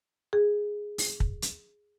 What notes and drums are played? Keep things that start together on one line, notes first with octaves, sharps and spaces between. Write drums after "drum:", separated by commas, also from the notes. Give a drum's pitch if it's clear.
G#4
drum: open hi-hat
drum: kick
drum: hi-hat